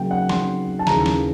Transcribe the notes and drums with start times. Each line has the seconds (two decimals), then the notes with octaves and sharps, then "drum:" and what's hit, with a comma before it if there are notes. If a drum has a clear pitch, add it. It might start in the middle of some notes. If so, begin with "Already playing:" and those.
Already playing: C#3 F#3 A#3 G5
0.11 F#5
0.29 C6, drum: snare
0.79 A5
0.87 D#2 C#3 E3 A#5, drum: snare
1.06 drum: snare